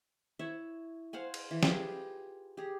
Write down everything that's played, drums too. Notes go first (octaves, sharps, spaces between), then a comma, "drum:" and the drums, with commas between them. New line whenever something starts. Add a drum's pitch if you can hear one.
E4 C#5 E5
C5 F5 F#5 G#5
drum: cymbal
E3
F4 G4 G#4 B4, drum: snare
G4 G#4